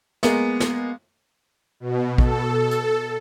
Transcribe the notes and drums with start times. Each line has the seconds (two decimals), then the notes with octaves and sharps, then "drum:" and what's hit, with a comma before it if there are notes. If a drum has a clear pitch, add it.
0.23 G#3 A#3 B3, drum: snare
0.60 drum: snare
1.80 B2
2.18 A4, drum: kick
2.71 drum: hi-hat